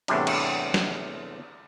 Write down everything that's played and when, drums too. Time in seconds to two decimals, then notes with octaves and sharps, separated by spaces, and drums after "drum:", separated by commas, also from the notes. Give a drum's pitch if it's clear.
0.08 E2 A2 C3 G3 D4, drum: cymbal
0.27 drum: cymbal
0.74 drum: snare